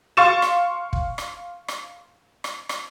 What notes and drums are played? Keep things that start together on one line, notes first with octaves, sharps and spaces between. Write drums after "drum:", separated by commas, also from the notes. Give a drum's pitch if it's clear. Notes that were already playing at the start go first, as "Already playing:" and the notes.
F5 C6 C#6 A6 E7
drum: rim click
drum: kick
drum: rim click
drum: rim click
drum: rim click
drum: rim click